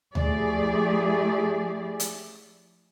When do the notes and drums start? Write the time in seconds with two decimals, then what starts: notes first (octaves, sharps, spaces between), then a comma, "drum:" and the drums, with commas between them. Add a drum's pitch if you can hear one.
0.15 F3 A3 E4 G4 G#4 D5, drum: tom D2
2.00 drum: hi-hat